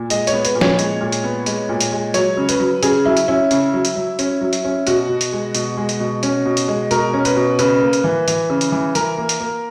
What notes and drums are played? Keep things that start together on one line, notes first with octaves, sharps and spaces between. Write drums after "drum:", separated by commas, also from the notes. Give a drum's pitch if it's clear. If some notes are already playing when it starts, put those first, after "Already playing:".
Already playing: A#2
G#3 D#5, drum: hi-hat
C#5, drum: hi-hat
B3
B4, drum: hi-hat
A#2
C#5, drum: snare
G#3, drum: hi-hat
A#2
drum: hi-hat
B3
G#3, drum: hi-hat
A#2
drum: hi-hat
G#3
F#3 C#5, drum: hi-hat
C#3
B4, drum: hi-hat
F#3
C#3 G#4, drum: hi-hat
F#3 E4
drum: hi-hat
C#4 E4
C#3, drum: hi-hat
F#3
drum: hi-hat
F#3
C#4, drum: hi-hat
F#3
drum: hi-hat
C#4
B2 F#4, drum: hi-hat
B2
drum: hi-hat
G#3
B2, drum: hi-hat
G#3
drum: hi-hat
B2
C#4, drum: hi-hat
B2
drum: hi-hat
G#3
B2 A#4, drum: hi-hat
C#4
B4, drum: hi-hat
B2
C#3 B4, drum: hi-hat
A#3
drum: hi-hat
E3
E3, drum: hi-hat
C#3
drum: hi-hat
E3
E3 A#4, drum: hi-hat
A#3
drum: hi-hat
A#3